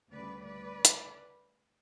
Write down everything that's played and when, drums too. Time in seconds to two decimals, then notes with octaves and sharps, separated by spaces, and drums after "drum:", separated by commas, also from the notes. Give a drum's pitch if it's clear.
0.11 D2 C#3 G3 B4 D5
0.43 B4 D5
0.85 drum: hi-hat